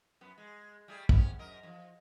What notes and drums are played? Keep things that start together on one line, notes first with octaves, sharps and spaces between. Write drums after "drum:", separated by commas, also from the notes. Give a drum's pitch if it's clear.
F#2 B3
G#3
G3 A3 G#4
C3 B3 C#4, drum: kick
F#2 A#4 D#5
F#2 F3